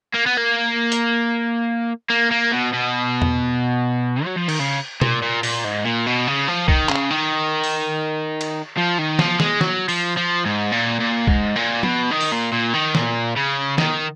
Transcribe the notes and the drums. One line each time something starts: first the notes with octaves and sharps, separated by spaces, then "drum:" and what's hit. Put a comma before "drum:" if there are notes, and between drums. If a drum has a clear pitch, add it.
A#3
B3
A#3
drum: hi-hat
A#3
A#3
B2
B2
drum: tom E2
F#3
F3
D#3, drum: cymbal
C#3
A#2, drum: tom B2
A#2
A#2, drum: open hi-hat
G#2
A#2
B2
C#3
F3
D#3, drum: kick
C#3, drum: clap
D#3
drum: open hi-hat
drum: cymbal
F3
D#3
F3, drum: snare
G#3, drum: snare
F#3, drum: snare
F3, drum: open hi-hat
F3
G#2
A#2
A#2
G#2, drum: kick
A#2
B2, drum: tom F3
D#3
drum: open hi-hat
A#2
A#2
D#3
A#2, drum: snare
C#3
D#3, drum: snare